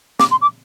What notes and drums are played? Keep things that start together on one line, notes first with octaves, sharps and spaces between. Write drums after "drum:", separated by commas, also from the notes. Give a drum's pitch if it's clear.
D6, drum: snare
C6
D6